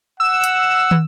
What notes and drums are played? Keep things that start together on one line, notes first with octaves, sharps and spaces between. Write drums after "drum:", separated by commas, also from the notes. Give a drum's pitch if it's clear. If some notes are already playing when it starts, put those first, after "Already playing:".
F#5 E6
drum: hi-hat
drum: tom